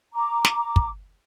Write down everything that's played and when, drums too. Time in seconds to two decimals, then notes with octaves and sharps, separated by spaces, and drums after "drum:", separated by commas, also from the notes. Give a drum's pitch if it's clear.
0.13 A#5 D6
0.45 drum: snare
0.76 drum: kick